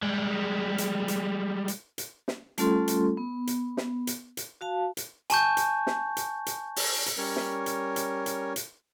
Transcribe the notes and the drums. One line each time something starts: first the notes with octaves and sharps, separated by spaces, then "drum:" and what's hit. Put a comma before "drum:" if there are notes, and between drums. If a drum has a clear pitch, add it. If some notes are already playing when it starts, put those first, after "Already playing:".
G3 G#3
drum: hi-hat
drum: hi-hat
drum: hi-hat
drum: hi-hat
drum: snare
G3 A3 C#4 F4 A4 C6, drum: hi-hat
drum: hi-hat
B3
drum: hi-hat
drum: snare
drum: hi-hat
drum: hi-hat
F#4 F5 A5
drum: hi-hat
G#5 A5 C#6 G6, drum: hi-hat
drum: hi-hat
drum: snare
drum: hi-hat
drum: hi-hat
drum: open hi-hat
drum: hi-hat
G3 C#4 A#4 C#5
drum: snare
drum: hi-hat
drum: hi-hat
drum: hi-hat
drum: hi-hat